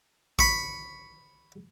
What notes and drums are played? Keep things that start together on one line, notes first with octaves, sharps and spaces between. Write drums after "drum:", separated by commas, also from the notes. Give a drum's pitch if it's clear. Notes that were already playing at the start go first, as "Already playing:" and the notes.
B5 C#6, drum: kick A1